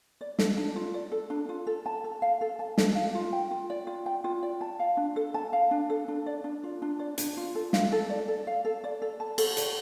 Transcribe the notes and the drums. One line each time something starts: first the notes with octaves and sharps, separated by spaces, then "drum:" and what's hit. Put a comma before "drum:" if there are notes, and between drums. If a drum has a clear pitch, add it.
D5
A4, drum: snare
D4
F4
D5
A4
D4
F4
A4
A5
A4
F5
A4
A5
A4, drum: snare
F5
F4
G5
F4
D5
F4
G5
F4
D5
A5
F5
D4
A4
A5
F5
D4
A4
D4
D5
D4
F4
D4
D5
D4, drum: hi-hat
F4
A4
F5, drum: snare
A4
D5
A4
F5
A4
D5
A4
A5
A4, drum: cymbal
D5, drum: hi-hat